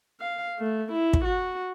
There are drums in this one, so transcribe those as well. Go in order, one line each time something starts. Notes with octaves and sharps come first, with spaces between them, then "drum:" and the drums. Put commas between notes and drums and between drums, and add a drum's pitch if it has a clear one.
F5
A3
E4
drum: kick
F#4